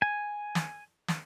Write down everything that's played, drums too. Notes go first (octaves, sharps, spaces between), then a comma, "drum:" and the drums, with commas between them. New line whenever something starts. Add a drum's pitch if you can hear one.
G#5
drum: snare
drum: snare